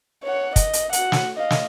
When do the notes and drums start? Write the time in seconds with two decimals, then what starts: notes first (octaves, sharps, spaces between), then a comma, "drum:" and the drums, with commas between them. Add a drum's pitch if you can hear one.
0.24 C#5 F#5
0.56 D#5, drum: kick, hi-hat
0.73 drum: hi-hat
0.93 F#4 F#5, drum: hi-hat
1.12 drum: snare
1.36 D#5 F5
1.50 drum: snare